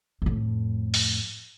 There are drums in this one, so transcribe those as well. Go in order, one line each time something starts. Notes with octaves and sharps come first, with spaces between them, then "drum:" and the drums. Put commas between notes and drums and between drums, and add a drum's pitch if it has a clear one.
F2 A2
drum: open hi-hat